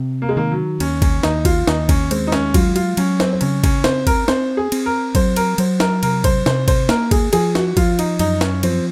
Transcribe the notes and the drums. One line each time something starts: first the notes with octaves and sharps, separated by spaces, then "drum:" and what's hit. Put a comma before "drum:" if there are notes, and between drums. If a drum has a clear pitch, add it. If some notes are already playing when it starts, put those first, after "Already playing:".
Already playing: C3
A#3
G#3
D#3 A#3
F#3
D#2 C#4, drum: cymbal
C#4, drum: kick G#1, cymbal
D#2 D#4, drum: snare
F4, drum: kick G#1, cymbal
D#2 D#4, drum: snare
C#4, drum: kick G#1, cymbal
G#3 C4, drum: cymbal
D#4
C#4, drum: snare
F#3 F4, drum: kick G#1, cymbal
F4, drum: cymbal
F#3 C#4, drum: cymbal
C4, drum: snare
C4
C#3 C#4, drum: cymbal
C#4, drum: kick G#1, cymbal
C4 C5, drum: snare
A#4, drum: kick G#1, cymbal
C4 C5, drum: snare
G#4
C4, drum: cymbal
A#4
F#3 C5, drum: kick G#1, cymbal
A#4, drum: cymbal
F#3 C5, drum: cymbal
A#4, drum: snare
C3 A#4, drum: cymbal
C5, drum: kick G#1, cymbal
C3 C5, drum: snare
C5, drum: kick G#1, cymbal
A#3 A#4, drum: snare
G#4, drum: kick G#1, cymbal
F3 G#4, drum: cymbal
F#4, drum: snare
F3 F4, drum: kick G#1, cymbal
D#4, drum: cymbal
F#2 D#4, drum: cymbal
C#4, drum: snare
F3 C4, drum: cymbal